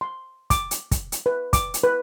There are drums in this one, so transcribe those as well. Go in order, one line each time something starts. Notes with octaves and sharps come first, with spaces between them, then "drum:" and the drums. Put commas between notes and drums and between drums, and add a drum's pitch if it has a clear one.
C6
D6, drum: kick, hi-hat
drum: hi-hat
drum: kick, hi-hat
drum: hi-hat
B4
D6, drum: kick, hi-hat
drum: hi-hat
B4